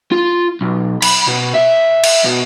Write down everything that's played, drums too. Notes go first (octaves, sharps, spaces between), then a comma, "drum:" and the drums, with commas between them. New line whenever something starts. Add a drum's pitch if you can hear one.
F4
B1
B5, drum: cymbal
B2
E5
drum: cymbal
B2